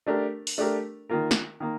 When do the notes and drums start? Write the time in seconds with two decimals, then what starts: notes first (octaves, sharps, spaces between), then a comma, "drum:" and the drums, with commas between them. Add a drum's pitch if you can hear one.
0.07 A3 D4 G4 A#4
0.47 drum: open hi-hat
0.58 A3 D4 G4 A#4
1.10 D#3 A#3 F4 A#4
1.31 drum: snare
1.60 D#3 A#3